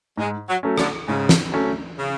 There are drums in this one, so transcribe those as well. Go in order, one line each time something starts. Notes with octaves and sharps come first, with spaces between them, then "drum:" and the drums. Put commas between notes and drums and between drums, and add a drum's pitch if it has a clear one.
G#2 G#3
F#3
F#3 A3 C#4
D3, drum: rim click
G#2 C#3
drum: snare
F#3 A3 C#4
C#3